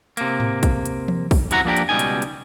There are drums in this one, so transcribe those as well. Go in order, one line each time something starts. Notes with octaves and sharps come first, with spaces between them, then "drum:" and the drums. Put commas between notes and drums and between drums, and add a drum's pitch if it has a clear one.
C3 A#3, drum: hi-hat
drum: tom G#2
drum: kick, hi-hat
drum: hi-hat
drum: tom E3
drum: kick, open hi-hat
F#2 C3 E4 F#4 F#5 A#5, drum: hi-hat
F3 A#3 D4 G4 A#4
drum: hi-hat
C#2 B2 G3 A#3 D#4 G#5
drum: hi-hat
drum: hi-hat